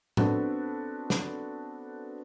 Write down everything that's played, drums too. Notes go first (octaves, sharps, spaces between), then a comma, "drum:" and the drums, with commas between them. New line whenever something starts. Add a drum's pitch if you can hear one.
B3 C4 D4 F#4 A4, drum: tom A2
drum: snare